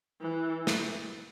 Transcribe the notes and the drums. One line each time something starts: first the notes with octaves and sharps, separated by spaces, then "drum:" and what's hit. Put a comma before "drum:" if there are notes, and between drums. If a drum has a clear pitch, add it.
E3
drum: snare